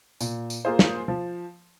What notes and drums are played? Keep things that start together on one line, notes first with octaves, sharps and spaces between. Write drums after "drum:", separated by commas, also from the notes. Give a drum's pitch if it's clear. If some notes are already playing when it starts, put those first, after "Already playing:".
A#2, drum: tambourine
drum: tambourine
A#3 F4 G#4 C5
drum: snare
F3